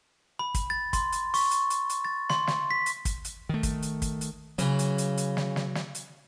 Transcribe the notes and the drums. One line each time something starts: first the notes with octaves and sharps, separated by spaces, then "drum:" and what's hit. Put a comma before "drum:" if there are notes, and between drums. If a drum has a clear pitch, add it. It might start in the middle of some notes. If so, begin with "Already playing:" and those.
B5
drum: kick, hi-hat
A6
C6, drum: kick, hi-hat
drum: hi-hat
C#6, drum: open hi-hat
drum: hi-hat
drum: hi-hat
drum: hi-hat
A6
C6, drum: snare
drum: snare
B6
drum: hi-hat
drum: kick, hi-hat
drum: hi-hat
D#3 A3
drum: kick, hi-hat
drum: hi-hat
drum: kick, hi-hat
drum: hi-hat
C#3 E3 F#3, drum: hi-hat
drum: hi-hat
drum: hi-hat
drum: hi-hat
drum: snare
drum: snare
drum: snare
drum: hi-hat